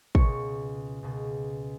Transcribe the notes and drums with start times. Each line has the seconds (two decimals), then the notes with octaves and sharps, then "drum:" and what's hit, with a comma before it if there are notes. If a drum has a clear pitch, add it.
0.15 C#2 B2 C#5, drum: kick
1.03 C#2 B2